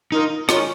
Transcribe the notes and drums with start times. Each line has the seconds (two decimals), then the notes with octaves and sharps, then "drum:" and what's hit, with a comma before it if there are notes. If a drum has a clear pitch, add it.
0.12 D#3 A#3 D#4 F4 A#4
0.49 D#3 G#3 C#4 F4, drum: rim click